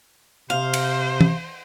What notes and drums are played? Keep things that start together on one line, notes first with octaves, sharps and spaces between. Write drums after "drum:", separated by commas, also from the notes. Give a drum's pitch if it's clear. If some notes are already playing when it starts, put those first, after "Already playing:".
C3 C5 F5
drum: cymbal
drum: tom E3